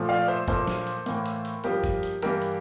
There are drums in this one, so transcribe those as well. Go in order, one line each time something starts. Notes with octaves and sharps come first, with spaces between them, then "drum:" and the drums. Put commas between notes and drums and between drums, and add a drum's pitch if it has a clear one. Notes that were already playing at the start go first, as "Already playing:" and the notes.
Already playing: A#2 F3 A3
D5 F5
C5 E5
A#2 F3 A#3 A4 C5, drum: kick, hi-hat
drum: snare
drum: hi-hat
A2 E3 A#3, drum: hi-hat
drum: hi-hat
drum: hi-hat
G2 F3 A#3 G4 A#4, drum: hi-hat
drum: kick, hi-hat
drum: hi-hat
G2 E3 A#3 G4 A#4, drum: hi-hat
drum: hi-hat